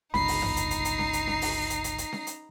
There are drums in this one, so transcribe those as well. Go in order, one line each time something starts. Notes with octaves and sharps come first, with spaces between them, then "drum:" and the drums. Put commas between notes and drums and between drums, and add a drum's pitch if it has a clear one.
G1 C#2 D#4 A#5 B5 C7, drum: snare C#4
drum: open hi-hat
drum: tom
drum: hi-hat
drum: hi-hat
drum: hi-hat
drum: snare C#4
drum: hi-hat
drum: snare C#4
drum: open hi-hat
drum: hi-hat
drum: hi-hat
drum: hi-hat
drum: snare C#4
drum: hi-hat